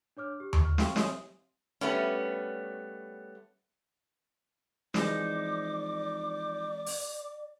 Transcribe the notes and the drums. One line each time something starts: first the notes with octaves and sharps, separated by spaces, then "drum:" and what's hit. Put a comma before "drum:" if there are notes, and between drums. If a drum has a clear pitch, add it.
D4 C#5 D6 F6
G4
C#6, drum: tom D#2
F6
E5 F5 G5 C6 C#6, drum: snare
C#5 D#5 E5 G#5 C6 D#6, drum: snare
G3 A3 B3 C#4
E3 F3 G#3 C4 D#4 D5 D6, drum: snare
drum: open hi-hat